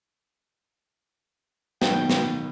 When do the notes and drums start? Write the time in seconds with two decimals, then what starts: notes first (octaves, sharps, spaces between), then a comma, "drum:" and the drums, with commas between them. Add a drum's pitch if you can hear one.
1.82 B2 D#3 E3 F#3 B3 G#4 G5, drum: snare
2.10 drum: snare